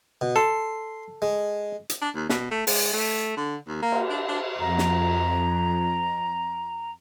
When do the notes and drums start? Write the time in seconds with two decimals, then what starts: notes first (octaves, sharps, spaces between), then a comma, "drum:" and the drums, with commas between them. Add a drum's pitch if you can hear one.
0.21 B2
0.36 A4 C6
1.22 G#3
1.89 drum: hi-hat
2.02 D4
2.15 D#2
2.29 B2, drum: snare
2.51 A3
2.67 G#3, drum: open hi-hat
2.93 A3
3.37 D3
3.67 D#2
3.82 A#3
3.92 drum: cymbal
4.10 D4
4.29 D4
4.60 F2 A#5
4.78 drum: snare